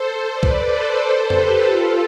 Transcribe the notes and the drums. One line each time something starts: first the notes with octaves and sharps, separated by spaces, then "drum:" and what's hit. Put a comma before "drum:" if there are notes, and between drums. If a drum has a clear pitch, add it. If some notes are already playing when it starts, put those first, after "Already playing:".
Already playing: A4 C5
B4 D5
drum: kick C2
A4 C5
G4 B4, drum: tom F2
F4 A4